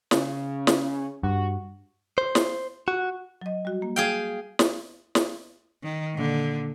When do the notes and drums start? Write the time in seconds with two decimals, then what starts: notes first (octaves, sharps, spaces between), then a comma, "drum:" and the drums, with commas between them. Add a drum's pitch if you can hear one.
0.11 C#3, drum: snare
0.67 drum: snare
1.23 G2 F#4
2.18 C5
2.35 drum: snare
2.88 F#4
3.41 F#3 D#5
3.65 G3 F#4
3.82 A#3
3.96 G#4 F5 G5
4.59 drum: snare
5.15 drum: snare
5.83 D#3
6.14 A#2 D3